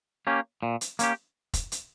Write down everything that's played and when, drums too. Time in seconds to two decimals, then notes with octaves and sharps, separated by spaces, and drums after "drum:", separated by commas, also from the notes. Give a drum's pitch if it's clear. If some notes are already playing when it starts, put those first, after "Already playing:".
0.27 A#3 C#4 G4
0.63 A#2
0.81 drum: hi-hat
0.99 A#3 C#4 G4, drum: hi-hat
1.54 drum: kick, hi-hat
1.72 drum: hi-hat